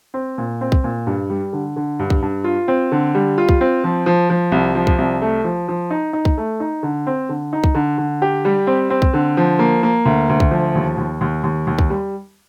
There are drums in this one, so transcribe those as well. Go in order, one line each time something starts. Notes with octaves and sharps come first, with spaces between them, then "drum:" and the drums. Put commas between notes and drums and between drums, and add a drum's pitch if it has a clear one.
C4
A#2
C4
drum: kick C2
A#2
G2
G3
D3
D3
G2
drum: kick C2
G2
F4
C4
D3
G3
F4
drum: kick C2
C4
F3
F3
F3
C2
F3
drum: kick C2
C2
A3
F3
F3
D#4
D#4
drum: kick C2
A3
D#4
D3
C4
D3
D#4
drum: kick C2
D3
D3
G4
G3
C4
C4
drum: kick C2
D3
F3
A#3
A#3
D2
D2
drum: kick C2
F3
D#2
D#2
D#2
D#2
D#2
drum: kick C2
G3